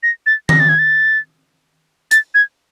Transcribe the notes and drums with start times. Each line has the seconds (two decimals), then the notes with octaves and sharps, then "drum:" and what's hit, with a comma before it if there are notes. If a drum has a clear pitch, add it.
0.03 A#6
0.26 A6
0.49 A#6, drum: tom D#3
0.60 A6
0.69 G#6
0.79 A6
2.11 A6, drum: hi-hat
2.35 G#6